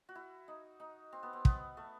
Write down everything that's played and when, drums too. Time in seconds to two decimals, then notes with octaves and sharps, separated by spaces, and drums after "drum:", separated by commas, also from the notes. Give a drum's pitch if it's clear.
0.09 F#4
0.15 E4
0.48 D#4
0.80 D#4
1.12 C4
1.23 B3
1.33 C4
1.45 B3, drum: kick
1.77 A3